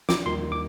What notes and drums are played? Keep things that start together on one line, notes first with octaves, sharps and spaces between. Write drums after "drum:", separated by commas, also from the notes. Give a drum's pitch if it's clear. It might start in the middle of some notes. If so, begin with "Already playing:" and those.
D6, drum: snare
D#2 D#3 G3 C6
D6